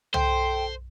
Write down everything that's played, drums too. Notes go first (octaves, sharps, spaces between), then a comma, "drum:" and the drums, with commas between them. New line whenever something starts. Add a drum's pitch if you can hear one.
A4 C5 G5, drum: tom